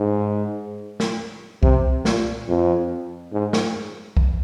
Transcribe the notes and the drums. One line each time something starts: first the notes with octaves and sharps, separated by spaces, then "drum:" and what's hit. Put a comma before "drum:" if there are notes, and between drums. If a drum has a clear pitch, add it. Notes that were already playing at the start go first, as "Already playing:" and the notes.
Already playing: G#2
drum: snare
C3, drum: kick
A#2, drum: snare
F2
G#2
drum: snare
drum: kick